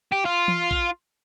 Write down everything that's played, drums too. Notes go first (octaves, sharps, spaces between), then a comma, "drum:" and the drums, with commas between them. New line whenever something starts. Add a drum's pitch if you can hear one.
G4
F4
drum: tom E3
drum: kick A#1